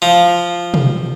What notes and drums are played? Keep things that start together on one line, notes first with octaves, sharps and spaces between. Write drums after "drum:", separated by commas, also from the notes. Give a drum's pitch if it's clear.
F3
drum: tom